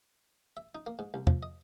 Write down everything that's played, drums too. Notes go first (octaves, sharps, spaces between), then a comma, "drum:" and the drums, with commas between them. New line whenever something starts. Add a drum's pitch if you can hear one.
E5
D#4
A#3
G#2
C2
F3, drum: tom E2
D#5